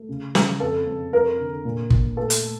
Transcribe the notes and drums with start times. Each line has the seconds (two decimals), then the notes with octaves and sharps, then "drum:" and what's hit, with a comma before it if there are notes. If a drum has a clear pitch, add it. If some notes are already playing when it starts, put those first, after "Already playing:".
Already playing: A3
0.09 C#3
0.35 C#3, drum: snare
0.60 F2 A4
0.87 F2
1.13 F2 A#4
1.39 D3
1.65 A#2
1.90 A#2, drum: kick
2.17 A3 A4
2.30 drum: hi-hat
2.44 A3